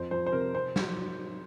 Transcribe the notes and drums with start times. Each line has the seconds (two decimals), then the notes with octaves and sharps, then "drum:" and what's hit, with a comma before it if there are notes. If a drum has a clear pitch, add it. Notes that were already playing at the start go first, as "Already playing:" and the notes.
Already playing: F2 C5
0.11 F2 C5
0.26 C5
0.32 C3 A#4
0.55 C3 C5
0.76 F#3, drum: snare
0.97 F#3